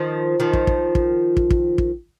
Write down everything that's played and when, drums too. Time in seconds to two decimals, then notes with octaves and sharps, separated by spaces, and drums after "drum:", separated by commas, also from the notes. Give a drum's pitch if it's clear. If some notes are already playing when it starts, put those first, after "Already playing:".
Already playing: D#3 F3
0.40 D#3 F3
0.53 drum: kick
0.67 drum: kick
0.95 drum: kick
1.37 drum: kick
1.50 drum: kick
1.78 drum: kick